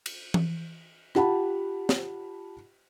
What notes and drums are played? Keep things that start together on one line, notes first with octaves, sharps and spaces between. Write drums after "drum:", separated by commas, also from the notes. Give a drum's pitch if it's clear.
drum: cymbal
drum: tom E3
F4 G4 F#5 A5 B5, drum: rim click
drum: snare